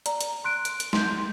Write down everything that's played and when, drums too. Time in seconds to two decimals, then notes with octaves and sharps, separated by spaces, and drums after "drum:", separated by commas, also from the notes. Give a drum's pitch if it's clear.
0.06 D5 A#5, drum: hi-hat
0.21 drum: hi-hat
0.44 C6 F#6 D7
0.65 drum: hi-hat
0.80 drum: hi-hat
0.93 C6 G6, drum: snare